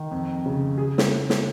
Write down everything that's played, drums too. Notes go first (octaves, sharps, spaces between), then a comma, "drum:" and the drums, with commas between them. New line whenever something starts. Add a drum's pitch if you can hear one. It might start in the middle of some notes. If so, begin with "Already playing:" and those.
Already playing: D#3
F2
C#3
G#4
drum: snare
drum: snare